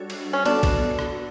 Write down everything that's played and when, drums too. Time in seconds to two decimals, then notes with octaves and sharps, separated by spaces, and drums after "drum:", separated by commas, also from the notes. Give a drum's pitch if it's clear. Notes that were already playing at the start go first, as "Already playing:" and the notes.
Already playing: G3 D4 F#4 A4 C#5
0.10 drum: cymbal
0.33 C#4
0.45 B3 D4 F#4 A4, drum: cymbal
0.63 drum: kick B1, cymbal
0.99 drum: rim click